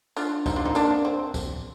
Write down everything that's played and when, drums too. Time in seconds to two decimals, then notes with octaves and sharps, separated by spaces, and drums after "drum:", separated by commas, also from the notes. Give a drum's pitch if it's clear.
0.17 D4 F4, drum: tambourine
0.46 C4 D#4, drum: kick, tambourine
0.56 D4 F4
0.65 C4 D#4
0.75 A#3 D4, drum: tambourine
1.05 C4
1.34 drum: kick, tambourine